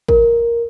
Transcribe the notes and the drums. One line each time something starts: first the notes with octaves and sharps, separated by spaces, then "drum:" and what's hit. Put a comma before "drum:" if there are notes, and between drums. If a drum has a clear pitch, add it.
A#4, drum: kick